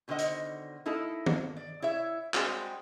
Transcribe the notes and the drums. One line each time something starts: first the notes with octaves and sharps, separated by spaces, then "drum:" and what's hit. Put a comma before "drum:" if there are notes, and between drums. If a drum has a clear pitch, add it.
B2 D3 D#3 C5 D#5 F#5
drum: hi-hat
A#3 D#4 E4 A4
drum: tom D#3
D5
E4 C#5 E5
G3 G#3 C4 F#4 G#4, drum: clap